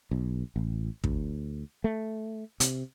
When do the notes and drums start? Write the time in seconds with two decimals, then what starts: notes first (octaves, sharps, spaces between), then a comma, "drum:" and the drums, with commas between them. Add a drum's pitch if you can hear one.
0.11 B1
0.56 A1
1.04 D2, drum: kick
1.84 A3
2.60 C3, drum: hi-hat